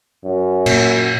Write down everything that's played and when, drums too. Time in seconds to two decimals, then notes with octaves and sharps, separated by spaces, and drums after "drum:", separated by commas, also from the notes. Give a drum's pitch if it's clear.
0.24 F#2
0.66 A#2, drum: cymbal